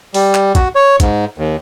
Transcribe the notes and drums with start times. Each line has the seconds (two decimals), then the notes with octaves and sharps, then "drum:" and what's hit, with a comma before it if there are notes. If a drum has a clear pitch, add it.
0.14 G3, drum: open hi-hat
0.35 drum: clap
0.55 F#4, drum: kick, hi-hat
0.75 C#5
1.00 G#2, drum: kick, hi-hat
1.38 D#2